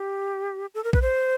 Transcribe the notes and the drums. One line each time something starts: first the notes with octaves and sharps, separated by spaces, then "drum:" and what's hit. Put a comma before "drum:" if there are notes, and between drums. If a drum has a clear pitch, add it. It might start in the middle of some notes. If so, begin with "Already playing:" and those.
Already playing: G4
A4
A#4
B4, drum: kick A#1
C5